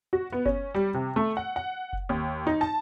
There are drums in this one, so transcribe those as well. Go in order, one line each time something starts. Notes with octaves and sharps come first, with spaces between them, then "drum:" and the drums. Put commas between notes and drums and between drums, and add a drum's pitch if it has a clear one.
F#4
B3
C#4, drum: kick F#1
G3
C3
A3
F#5
F#5
drum: kick F#1
D#2
D#4
A5